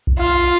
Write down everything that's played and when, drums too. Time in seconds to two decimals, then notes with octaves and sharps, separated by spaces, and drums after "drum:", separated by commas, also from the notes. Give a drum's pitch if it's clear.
0.07 drum: kick
0.19 F4